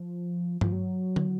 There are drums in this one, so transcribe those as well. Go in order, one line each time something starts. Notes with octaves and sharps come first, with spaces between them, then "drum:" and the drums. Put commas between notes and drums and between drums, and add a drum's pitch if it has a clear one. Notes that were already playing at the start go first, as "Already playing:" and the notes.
Already playing: F3
F3, drum: tom G2
F#3
drum: tom D3